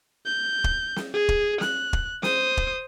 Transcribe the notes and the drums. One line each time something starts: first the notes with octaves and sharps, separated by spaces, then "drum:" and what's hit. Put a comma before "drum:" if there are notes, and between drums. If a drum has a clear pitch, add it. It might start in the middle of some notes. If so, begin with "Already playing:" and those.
G6
drum: kick
drum: snare
G#4
drum: kick
F#6, drum: snare
drum: kick
C5 D#6, drum: snare
drum: kick